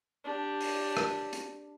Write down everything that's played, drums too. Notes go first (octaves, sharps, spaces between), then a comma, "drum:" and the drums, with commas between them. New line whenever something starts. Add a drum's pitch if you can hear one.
D4 G4
drum: open hi-hat
drum: rim click
drum: hi-hat